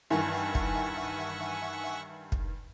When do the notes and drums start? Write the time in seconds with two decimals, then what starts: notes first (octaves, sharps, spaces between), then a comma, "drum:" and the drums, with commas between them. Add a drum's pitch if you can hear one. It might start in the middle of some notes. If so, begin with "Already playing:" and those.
0.10 G2 D#3 E3 E5 F#5 G#5 C#6
0.55 drum: kick
2.32 drum: kick